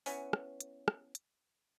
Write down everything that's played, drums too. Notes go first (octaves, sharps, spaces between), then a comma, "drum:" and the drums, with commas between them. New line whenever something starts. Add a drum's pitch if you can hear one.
E3 B3 C#4, drum: open hi-hat
drum: rim click
drum: hi-hat
drum: rim click
drum: hi-hat